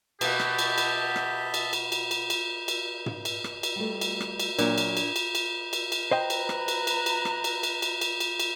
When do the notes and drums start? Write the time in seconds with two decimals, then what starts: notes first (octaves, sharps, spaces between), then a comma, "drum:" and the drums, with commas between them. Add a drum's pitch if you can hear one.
0.21 B2 A#3 G4 D#5 E5 A5, drum: cymbal
0.40 drum: rim click
0.59 drum: cymbal
0.78 drum: cymbal
1.16 drum: rim click
1.54 drum: cymbal
1.73 drum: cymbal
1.92 drum: cymbal
2.11 drum: cymbal
2.30 drum: cymbal
2.68 drum: cymbal
3.06 drum: tom
3.25 drum: cymbal
3.44 drum: rim click
3.63 drum: cymbal
3.76 G3 A3
4.01 drum: cymbal
4.20 drum: rim click
4.40 drum: cymbal
4.59 A#2 F#3 D4, drum: cymbal
4.78 drum: cymbal
4.97 drum: cymbal
5.16 drum: cymbal
5.35 drum: cymbal
5.73 drum: cymbal
5.92 drum: cymbal
6.11 B4 C5 D#5 G5 A#5
6.30 drum: cymbal
6.49 drum: rim click
6.68 drum: cymbal
6.87 drum: cymbal
7.06 drum: cymbal
7.25 drum: rim click
7.44 drum: cymbal
7.63 drum: cymbal
7.82 drum: cymbal
8.01 drum: cymbal
8.20 drum: cymbal
8.39 drum: cymbal